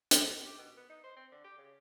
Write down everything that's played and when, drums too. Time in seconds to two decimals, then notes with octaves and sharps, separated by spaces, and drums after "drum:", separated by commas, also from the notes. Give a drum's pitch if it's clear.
0.11 D#5, drum: hi-hat
0.28 A#4
0.44 G4
0.58 B2
0.77 B3
0.90 D#4
1.04 C5
1.16 C4
1.32 D3
1.44 G4
1.58 C#3